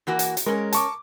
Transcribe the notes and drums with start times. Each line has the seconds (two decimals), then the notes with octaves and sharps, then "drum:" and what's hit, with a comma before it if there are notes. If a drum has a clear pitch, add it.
0.07 E3 A#3 F#4
0.19 drum: hi-hat
0.37 drum: hi-hat
0.46 G#3 C#4 A#4
0.73 A5 C#6 D6, drum: hi-hat